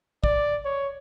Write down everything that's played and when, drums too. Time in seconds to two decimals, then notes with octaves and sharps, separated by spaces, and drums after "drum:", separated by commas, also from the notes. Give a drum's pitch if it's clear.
0.24 D5, drum: kick
0.65 C#5